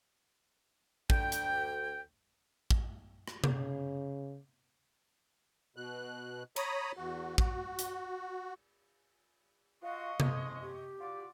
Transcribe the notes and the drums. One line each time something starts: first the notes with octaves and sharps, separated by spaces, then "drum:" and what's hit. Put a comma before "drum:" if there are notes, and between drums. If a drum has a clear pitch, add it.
D2 G5, drum: kick
drum: hi-hat
drum: kick
drum: rim click
C#3, drum: tom C3
B2 F#6
C#5 A#5 B5 D#6, drum: cymbal
E2 F#4
F#4, drum: kick
drum: hi-hat
F4 F#4 D#5 F5 C#6
F2 G#3, drum: tom C3
G4
F4 F#4 D5